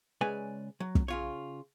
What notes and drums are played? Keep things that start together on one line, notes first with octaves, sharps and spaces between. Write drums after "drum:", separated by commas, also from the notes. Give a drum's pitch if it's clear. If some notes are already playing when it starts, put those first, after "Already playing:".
C#3 G#3 B4 C#5 D5 G#5
F#3
drum: kick
C#3 F4 C#5